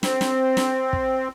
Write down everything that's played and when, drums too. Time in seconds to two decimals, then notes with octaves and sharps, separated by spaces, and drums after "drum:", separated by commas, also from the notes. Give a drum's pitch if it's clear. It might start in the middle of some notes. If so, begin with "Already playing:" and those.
0.03 C4, drum: snare
0.21 drum: snare
0.57 drum: snare
0.93 drum: kick